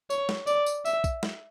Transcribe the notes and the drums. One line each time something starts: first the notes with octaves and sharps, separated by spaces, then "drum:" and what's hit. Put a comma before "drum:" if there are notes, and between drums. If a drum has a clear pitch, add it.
C#5, drum: tambourine
drum: snare
D5, drum: tambourine
drum: tambourine
E5, drum: tambourine
drum: kick, tambourine
drum: snare